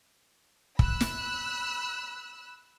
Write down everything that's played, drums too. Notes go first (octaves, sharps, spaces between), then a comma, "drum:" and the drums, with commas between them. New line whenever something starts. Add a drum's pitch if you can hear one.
B5 E6 F#6, drum: kick
drum: snare